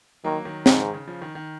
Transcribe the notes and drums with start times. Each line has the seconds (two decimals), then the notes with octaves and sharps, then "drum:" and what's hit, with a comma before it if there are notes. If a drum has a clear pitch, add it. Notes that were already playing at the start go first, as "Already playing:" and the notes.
0.24 D#3 F#3 A#3
0.45 D#3 F#3
0.66 G#2 C#3 F3, drum: snare
0.80 D#3
0.94 C#3
1.07 C#3 F3
1.22 D#3
1.35 D#3